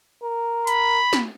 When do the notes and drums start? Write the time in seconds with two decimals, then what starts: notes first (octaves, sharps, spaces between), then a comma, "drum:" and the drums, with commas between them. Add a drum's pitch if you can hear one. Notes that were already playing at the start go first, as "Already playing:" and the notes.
0.23 A#4
0.67 B5, drum: hi-hat
1.13 drum: snare